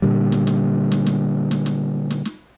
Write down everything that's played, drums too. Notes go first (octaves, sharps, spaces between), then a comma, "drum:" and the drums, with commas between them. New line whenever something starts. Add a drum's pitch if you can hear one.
A#2 D3 G3
drum: snare
drum: snare
drum: snare
drum: snare
drum: snare
drum: snare
drum: snare
drum: snare